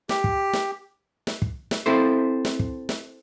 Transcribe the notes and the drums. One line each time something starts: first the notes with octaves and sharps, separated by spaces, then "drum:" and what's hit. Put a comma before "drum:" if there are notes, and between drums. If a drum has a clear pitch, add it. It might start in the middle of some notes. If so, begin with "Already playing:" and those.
G4, drum: snare
drum: kick
drum: snare
drum: snare
drum: kick
drum: snare
C4 E4 A4 C5
drum: snare
drum: kick
drum: snare